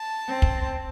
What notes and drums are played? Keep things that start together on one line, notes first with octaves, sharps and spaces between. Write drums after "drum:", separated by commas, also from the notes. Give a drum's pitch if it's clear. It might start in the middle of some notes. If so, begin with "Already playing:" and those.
Already playing: A5
C4
drum: kick